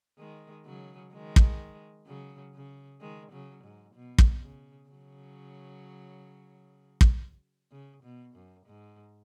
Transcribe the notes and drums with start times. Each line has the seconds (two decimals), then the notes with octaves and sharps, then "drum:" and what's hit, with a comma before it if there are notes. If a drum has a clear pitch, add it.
0.19 D#3 G#3
0.65 C#3 F#3
1.13 D#3 G#3
1.36 drum: kick
2.06 C#3 F#3
2.54 C#3
3.01 D#3 G#3
3.32 C#3 F#3
3.64 G#2
3.95 B2
4.18 drum: kick
4.42 C#3
4.89 C#3 F#3
7.01 drum: kick
7.72 C#3
8.03 B2
8.35 F#2
8.66 G#2